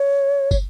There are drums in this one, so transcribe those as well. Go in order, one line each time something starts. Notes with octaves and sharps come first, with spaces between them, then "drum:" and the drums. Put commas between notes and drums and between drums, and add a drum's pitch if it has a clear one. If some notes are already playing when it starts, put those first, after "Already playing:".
Already playing: C#5
C#5, drum: kick, tambourine